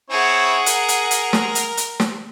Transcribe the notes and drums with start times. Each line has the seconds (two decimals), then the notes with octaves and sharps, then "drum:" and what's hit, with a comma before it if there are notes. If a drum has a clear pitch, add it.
0.10 C4 E4 G#4 C#5 F#5
0.66 A#4, drum: hi-hat
0.88 drum: hi-hat
1.11 drum: hi-hat
1.33 drum: snare
1.55 drum: hi-hat
1.77 drum: hi-hat
2.00 drum: snare